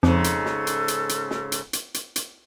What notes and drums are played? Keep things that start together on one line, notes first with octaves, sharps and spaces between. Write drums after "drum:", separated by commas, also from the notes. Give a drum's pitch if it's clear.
F2 G#2 C#3 A4, drum: snare
drum: hi-hat
drum: snare
drum: hi-hat
drum: hi-hat
drum: hi-hat
drum: snare
drum: hi-hat
drum: hi-hat
drum: hi-hat
drum: hi-hat